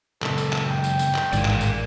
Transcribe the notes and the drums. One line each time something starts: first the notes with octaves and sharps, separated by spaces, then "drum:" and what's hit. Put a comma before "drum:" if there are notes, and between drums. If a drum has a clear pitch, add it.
C#2 F#2 A4, drum: clap
drum: tambourine
drum: clap
G5
drum: tambourine
drum: tambourine
drum: clap
A1 G#2 D#3 A#4 D5, drum: tambourine
drum: clap
drum: tambourine